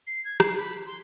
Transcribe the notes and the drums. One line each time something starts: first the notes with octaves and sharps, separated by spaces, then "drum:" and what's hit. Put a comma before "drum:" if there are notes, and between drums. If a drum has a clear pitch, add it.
C7
G#6
C7, drum: rim click
B5
C6